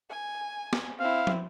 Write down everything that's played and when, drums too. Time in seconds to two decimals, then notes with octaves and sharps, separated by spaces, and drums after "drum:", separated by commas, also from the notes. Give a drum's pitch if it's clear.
0.10 G#5
0.73 drum: snare
1.00 C4 E4 F5
1.27 drum: tom